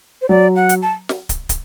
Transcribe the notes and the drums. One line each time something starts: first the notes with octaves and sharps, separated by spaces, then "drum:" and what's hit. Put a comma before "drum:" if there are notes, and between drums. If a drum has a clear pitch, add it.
C5
F#3 D5
F#5
drum: hi-hat
A5
drum: snare
drum: kick, hi-hat
drum: kick, hi-hat